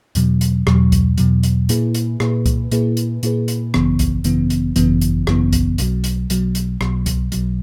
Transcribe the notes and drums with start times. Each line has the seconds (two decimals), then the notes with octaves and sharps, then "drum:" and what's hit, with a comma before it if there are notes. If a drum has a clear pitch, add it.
0.15 E2 B2 F#3, drum: hi-hat
0.41 drum: hi-hat
0.67 E2 B2 F#3, drum: rim click
0.92 drum: kick C2, hi-hat
1.18 E2 B2 F#3, drum: hi-hat
1.43 drum: hi-hat
1.69 A#2 A#3 E4 G#4 B4, drum: hi-hat
1.95 drum: hi-hat
2.20 A#2 A#3 E4 G#4 B4, drum: rim click
2.46 drum: kick C2, hi-hat
2.72 A#2 A#3 E4 G#4 B4, drum: hi-hat
2.97 drum: hi-hat
3.23 A#2 A#3 E4 G#4 B4, drum: hi-hat
3.48 drum: hi-hat
3.74 G#1 F#2 C#3 E3 B3, drum: rim click
3.99 drum: kick C2, hi-hat
4.24 G#1 F#2 C#3 E3 B3, drum: hi-hat
4.50 drum: hi-hat
4.76 G#1 F#2 C#3 E3 B3, drum: hi-hat
5.01 drum: hi-hat
5.27 G#1 F#2 C#3 E3 B3, drum: rim click
5.53 drum: kick C2, hi-hat
5.78 B1 B2 F#3, drum: hi-hat
6.04 drum: hi-hat
6.30 B1 B2 F#3, drum: hi-hat
6.55 drum: hi-hat
6.81 B1 B2 F#3, drum: rim click
7.06 drum: kick C2, hi-hat
7.32 B1 B2 F#3, drum: hi-hat